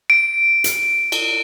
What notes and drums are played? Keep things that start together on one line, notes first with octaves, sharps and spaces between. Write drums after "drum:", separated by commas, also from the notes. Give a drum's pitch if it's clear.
D7
drum: hi-hat
drum: cymbal